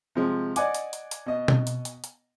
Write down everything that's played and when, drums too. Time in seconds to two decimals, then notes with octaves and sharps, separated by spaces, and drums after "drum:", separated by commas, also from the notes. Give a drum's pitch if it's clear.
0.15 C3 F3 G#3
0.56 D5 D#5 F#5 G#5 D6, drum: hi-hat
0.74 drum: hi-hat
0.93 drum: hi-hat
1.11 drum: hi-hat
1.26 B2 D#5
1.48 drum: tom B2
1.67 drum: hi-hat
1.85 drum: hi-hat
2.04 drum: hi-hat